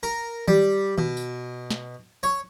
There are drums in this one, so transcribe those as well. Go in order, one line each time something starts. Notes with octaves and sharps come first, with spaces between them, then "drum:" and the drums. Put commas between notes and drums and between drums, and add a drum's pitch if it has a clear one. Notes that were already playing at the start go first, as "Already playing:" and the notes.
A#4
G3, drum: tom D#3
B2, drum: tom D#3
drum: tambourine
drum: snare
C#5